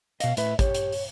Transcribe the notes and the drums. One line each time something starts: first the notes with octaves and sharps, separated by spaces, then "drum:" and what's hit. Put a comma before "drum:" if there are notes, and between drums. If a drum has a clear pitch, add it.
B2 D#5 F5, drum: hi-hat
A2 B4 E5, drum: hi-hat
G4 C#5, drum: kick, hi-hat
drum: hi-hat
drum: open hi-hat